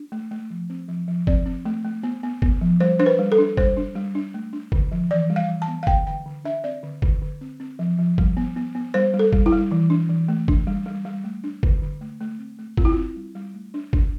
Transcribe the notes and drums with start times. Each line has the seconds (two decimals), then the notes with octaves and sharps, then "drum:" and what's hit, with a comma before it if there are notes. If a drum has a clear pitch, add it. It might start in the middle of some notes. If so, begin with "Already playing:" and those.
Already playing: D4
0.12 A3
0.31 A3
0.50 F3
0.70 C4
0.88 F3
1.08 F3
1.27 C4 D5, drum: kick
1.46 C4
1.66 A3
1.85 A3
2.03 B3
2.23 B3
2.42 B3, drum: kick
2.61 F3
2.80 G3 C5
2.99 D4 C5
3.06 B4
3.19 G3
3.32 A4
3.38 D4
3.57 G3 C5, drum: kick
3.77 D4
3.95 G3
4.15 D4
4.34 A3
4.53 D4
4.72 D3, drum: kick
4.92 F3
5.11 E3 D5
5.30 G3
5.36 F5
5.49 E3
5.62 A5
5.68 B3
5.83 F5
5.87 D3 G5, drum: kick
6.07 D3 G5
6.26 D3
6.44 D4 E5
6.64 C4 D5
6.83 D3
7.02 D3, drum: kick
7.22 D3
7.41 C4
7.60 C4
7.79 F3
7.99 F3
8.18 G3, drum: kick
8.37 B3
8.56 B3
8.75 B3
8.94 G3 C5
9.14 G3
9.19 A4
9.33 G3, drum: kick
9.46 E4
9.52 G3
9.72 E3
9.90 D4
10.09 E3
10.28 A3
10.48 D4, drum: kick
10.67 G3
10.86 G3
11.05 G3
11.24 A3
11.44 D4
11.63 D3, drum: kick
11.82 D3
12.01 A3
12.21 A3
12.39 C4
12.59 A3
12.77 C4 F4, drum: kick
12.85 E4
12.92 C4 F4
13.16 G3
13.35 G3
13.54 A3
13.74 D4
13.93 D4, drum: kick